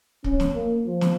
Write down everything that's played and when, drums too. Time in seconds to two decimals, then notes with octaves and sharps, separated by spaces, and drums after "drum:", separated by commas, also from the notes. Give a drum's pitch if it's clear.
0.24 C#4, drum: kick
0.40 drum: snare
0.54 A#3
0.87 F3
1.01 drum: snare